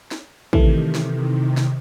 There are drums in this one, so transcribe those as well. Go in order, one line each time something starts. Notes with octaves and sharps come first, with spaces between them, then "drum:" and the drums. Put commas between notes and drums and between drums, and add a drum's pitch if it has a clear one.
drum: snare
C3 D#3 E3 A3, drum: kick
drum: snare
drum: snare